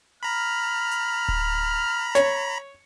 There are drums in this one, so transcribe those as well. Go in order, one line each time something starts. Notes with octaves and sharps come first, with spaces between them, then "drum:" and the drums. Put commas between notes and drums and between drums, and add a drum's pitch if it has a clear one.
A#5 B5 F6
drum: hi-hat
drum: kick D1
C#5, drum: snare